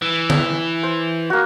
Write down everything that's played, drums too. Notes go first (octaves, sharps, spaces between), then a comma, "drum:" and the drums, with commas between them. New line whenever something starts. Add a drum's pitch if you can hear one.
E3
drum: tom D3
C5
A#3 F#4